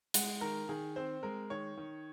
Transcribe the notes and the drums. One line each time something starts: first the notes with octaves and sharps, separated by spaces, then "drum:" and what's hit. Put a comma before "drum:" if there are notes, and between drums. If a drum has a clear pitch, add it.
G#3 F#5, drum: hi-hat
D#3 A#4
D#3 G#4
C4 C5
G#3 A#4
D#3 C#5
D#3